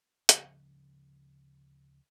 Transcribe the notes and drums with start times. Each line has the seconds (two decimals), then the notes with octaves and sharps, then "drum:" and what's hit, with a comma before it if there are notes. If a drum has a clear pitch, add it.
0.29 D2 C#3 F3 G3, drum: hi-hat